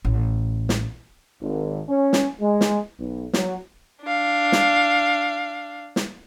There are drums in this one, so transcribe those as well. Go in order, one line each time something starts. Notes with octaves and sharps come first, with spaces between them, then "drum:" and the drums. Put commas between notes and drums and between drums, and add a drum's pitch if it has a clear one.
A1
drum: snare
G#1
C#4
drum: snare
G#3
drum: snare
B1
F#3, drum: snare
D4 F5
drum: snare
drum: snare